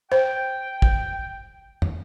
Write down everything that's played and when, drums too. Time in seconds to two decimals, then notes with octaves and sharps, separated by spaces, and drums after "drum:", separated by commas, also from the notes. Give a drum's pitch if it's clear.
0.12 C5 G5
0.82 drum: kick
1.82 drum: tom